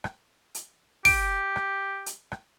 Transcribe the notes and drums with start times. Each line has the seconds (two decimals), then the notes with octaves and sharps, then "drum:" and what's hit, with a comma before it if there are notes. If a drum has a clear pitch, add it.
0.04 drum: rim click
0.55 drum: hi-hat
1.05 G4 D7, drum: kick, open hi-hat
1.56 drum: rim click
2.06 drum: hi-hat
2.32 drum: rim click